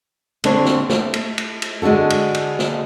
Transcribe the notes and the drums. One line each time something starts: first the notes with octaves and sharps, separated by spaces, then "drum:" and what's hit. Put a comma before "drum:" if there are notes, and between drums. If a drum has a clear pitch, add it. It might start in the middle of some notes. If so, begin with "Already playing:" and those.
D3 G#3 C4 D4 C5 C#5, drum: cymbal
drum: snare
A3, drum: snare
drum: cymbal
drum: cymbal
drum: cymbal
D3 G#3 D4 F#4 A4
drum: cymbal
drum: cymbal
drum: snare